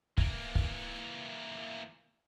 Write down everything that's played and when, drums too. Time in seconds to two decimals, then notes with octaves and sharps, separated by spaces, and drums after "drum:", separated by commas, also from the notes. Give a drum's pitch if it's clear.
0.18 E3 A#3, drum: kick
0.55 drum: kick